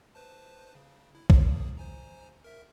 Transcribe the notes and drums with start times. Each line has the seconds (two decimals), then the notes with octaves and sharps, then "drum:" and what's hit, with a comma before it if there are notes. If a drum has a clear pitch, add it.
0.15 B4 C5 A5
0.75 C#3
1.15 E4
1.30 D#3 A#3 G#4, drum: kick
1.77 C5 G#5 A#5
2.44 A#4 E5